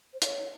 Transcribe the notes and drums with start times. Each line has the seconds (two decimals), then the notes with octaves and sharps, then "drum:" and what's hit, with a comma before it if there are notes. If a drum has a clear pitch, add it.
0.14 C5
0.22 C#5, drum: hi-hat